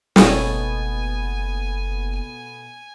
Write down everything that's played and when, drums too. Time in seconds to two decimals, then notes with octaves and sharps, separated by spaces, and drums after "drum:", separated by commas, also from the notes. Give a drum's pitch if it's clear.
0.16 F#1 B2 D#3 A3 B3 A4 C#5 G#5, drum: snare